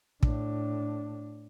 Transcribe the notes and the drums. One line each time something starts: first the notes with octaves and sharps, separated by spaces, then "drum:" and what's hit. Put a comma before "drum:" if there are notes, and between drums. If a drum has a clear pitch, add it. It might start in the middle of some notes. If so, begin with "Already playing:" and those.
A2 D4, drum: kick